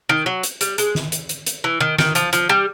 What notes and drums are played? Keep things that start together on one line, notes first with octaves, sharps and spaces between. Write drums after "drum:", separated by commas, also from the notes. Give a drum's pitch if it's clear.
D#3
F#3
drum: hi-hat
G3, drum: hi-hat
G#3, drum: hi-hat
drum: snare
drum: hi-hat
drum: hi-hat
drum: hi-hat
E3
D#3
D#3, drum: snare
F3, drum: hi-hat
F3, drum: hi-hat
G3